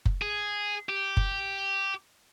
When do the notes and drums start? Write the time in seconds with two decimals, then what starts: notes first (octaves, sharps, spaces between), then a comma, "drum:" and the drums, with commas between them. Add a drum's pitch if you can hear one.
0.05 drum: kick F#1
0.22 G#4
0.89 G4
1.17 drum: kick F#1